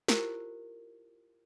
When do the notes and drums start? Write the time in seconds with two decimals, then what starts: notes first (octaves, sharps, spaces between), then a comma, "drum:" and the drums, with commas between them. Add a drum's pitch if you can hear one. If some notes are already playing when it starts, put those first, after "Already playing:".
0.08 E4 F4 G4 A#4 C5, drum: snare